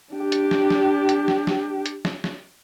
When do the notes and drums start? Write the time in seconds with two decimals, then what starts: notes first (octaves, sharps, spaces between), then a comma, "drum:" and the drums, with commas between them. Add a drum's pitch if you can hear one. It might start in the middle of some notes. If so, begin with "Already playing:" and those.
0.13 D4 G4
0.32 drum: hi-hat
0.51 drum: snare
0.70 drum: snare
1.09 drum: hi-hat
1.28 drum: snare
1.47 drum: snare
1.86 drum: hi-hat
2.05 drum: snare
2.24 drum: snare